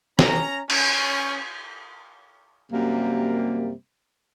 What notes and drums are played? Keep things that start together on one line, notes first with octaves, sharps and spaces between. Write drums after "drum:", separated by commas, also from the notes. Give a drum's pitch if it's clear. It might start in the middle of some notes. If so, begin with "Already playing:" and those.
C#4 A#5, drum: snare
C#4, drum: cymbal
F#2 C3 G3 A#3